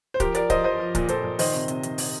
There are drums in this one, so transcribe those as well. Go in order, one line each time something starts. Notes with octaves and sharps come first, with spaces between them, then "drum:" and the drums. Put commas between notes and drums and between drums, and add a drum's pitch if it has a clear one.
C5
F3 G4 A#4, drum: kick C#1, hi-hat
F3 A#4 D5, drum: hi-hat
F3 C5 D#5, drum: kick C#1, hi-hat
F3 C5 D#5
F3
A#2, drum: kick C#1, hi-hat
A#2 A4 C5, drum: hi-hat
A#2
D#3 C5 D#5, drum: open hi-hat
C3
C3, drum: hi-hat
D#3, drum: hi-hat
C3, drum: open hi-hat